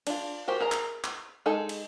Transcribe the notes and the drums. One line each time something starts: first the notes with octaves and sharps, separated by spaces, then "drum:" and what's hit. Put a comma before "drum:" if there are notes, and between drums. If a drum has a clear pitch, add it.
D4 F4, drum: cymbal
F#4 G4 A#4 C5
G#4 A#4 A#5
drum: clap
drum: clap
G#3 D#4 G#4 A4
drum: cymbal